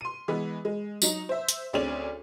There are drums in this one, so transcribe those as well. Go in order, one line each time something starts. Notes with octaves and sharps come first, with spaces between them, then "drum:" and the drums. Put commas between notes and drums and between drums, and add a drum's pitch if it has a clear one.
C6 D#7
E3 G#3 B3
G#3
F#3 D#4, drum: tambourine
C5 E5
drum: hi-hat
D2 C4 C#4 G#4 D5 F#7